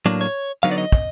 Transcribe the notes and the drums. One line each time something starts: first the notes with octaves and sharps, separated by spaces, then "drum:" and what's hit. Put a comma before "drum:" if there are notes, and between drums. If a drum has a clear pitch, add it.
A2 F#3 A#3 D4
C#5
D3 F#3 B3 D#4 F5
D5
D#5
drum: kick